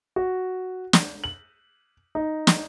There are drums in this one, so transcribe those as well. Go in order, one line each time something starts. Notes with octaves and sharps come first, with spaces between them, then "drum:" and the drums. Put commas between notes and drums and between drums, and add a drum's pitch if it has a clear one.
F#4
drum: snare
F#7
D#4
drum: snare